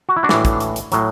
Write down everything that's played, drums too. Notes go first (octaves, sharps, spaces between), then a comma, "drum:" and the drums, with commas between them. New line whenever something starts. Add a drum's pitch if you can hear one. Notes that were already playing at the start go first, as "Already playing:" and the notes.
F#4
E4
D4 F#4
A2 E3, drum: snare
drum: kick, hi-hat
drum: hi-hat
drum: hi-hat
A2 F#3, drum: hi-hat